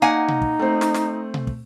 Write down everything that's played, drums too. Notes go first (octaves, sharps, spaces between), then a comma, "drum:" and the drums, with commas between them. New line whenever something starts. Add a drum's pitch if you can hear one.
A#3 D#4 F#5 G#5
drum: tom B2
drum: kick
A3 C4 C5
drum: snare
drum: snare
drum: tom B2
drum: kick